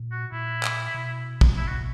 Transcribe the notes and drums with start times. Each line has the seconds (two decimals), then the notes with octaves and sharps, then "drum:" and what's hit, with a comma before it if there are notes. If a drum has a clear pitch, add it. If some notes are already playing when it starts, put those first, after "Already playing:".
Already playing: A#2
0.11 F#4
0.32 A#2 E4
0.63 drum: clap
0.94 B2
1.41 drum: kick
1.57 E4
1.68 F#4